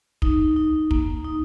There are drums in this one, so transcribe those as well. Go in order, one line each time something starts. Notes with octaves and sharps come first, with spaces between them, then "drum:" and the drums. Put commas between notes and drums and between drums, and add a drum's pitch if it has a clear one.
D#4, drum: kick
D#4
A#3, drum: kick
D#4